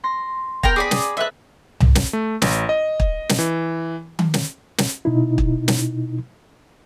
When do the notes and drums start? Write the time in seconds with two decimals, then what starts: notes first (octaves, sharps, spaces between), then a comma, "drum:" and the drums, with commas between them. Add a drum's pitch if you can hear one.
0.04 C6 A#6
0.63 B3 A#4 G5 A#5, drum: kick
0.76 G#4 D5 B5 D6 D#6 A#6
0.91 drum: snare
1.17 A4 B4 D#5 E5 F#6
1.80 drum: tom C2
1.95 drum: snare
2.13 A3
2.42 A1, drum: snare
2.69 D#5
3.00 drum: kick
3.29 drum: snare
3.39 E3
4.19 drum: tom D#3
4.34 drum: snare
4.78 drum: snare
5.05 B2 D#4 E4
5.38 drum: kick
5.68 drum: snare